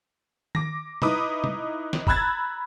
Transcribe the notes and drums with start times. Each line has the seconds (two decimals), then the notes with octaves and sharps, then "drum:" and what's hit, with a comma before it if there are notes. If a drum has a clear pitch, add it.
0.55 D6 A#6, drum: tom
1.02 D#4 E4 B4 D6 D#6, drum: tom
1.44 drum: tom
1.93 drum: snare
2.07 A#5 B5 E6 F#6 G#6 A6, drum: kick